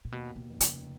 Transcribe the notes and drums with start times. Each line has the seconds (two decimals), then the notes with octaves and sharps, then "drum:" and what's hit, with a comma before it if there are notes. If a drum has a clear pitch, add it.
0.05 A#2
0.12 D#2 B2
0.36 B2
0.49 F1
0.60 C#3, drum: hi-hat